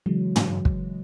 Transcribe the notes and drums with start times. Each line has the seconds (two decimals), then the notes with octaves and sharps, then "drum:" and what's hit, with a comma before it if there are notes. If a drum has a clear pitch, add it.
0.06 C#3 E3 F#3 G#3
0.36 drum: tom
0.65 drum: kick